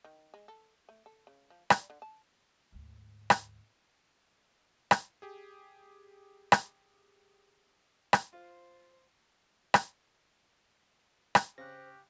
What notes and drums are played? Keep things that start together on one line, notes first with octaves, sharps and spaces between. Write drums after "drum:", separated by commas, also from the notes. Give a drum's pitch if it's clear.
D#3
G#3
A4
A3
A4
C#3
F3
D5, drum: rim click
D3
A5
D2 G#2
drum: rim click
drum: rim click
G4 G#4
drum: rim click
drum: rim click
F4 C5
drum: rim click
drum: rim click
C#3 G4 C5 F#6 A#6